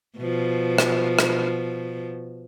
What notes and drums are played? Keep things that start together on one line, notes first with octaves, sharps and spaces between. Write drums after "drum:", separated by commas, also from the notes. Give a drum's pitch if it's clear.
B2 F3
drum: rim click
drum: rim click